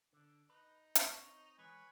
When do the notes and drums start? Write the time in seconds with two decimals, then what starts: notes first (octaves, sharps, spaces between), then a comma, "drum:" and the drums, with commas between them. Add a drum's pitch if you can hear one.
0.13 D3 D4
0.50 D#4 B4
0.95 C4 C#5, drum: hi-hat
1.58 E3 G#3 B4 C#5 G#5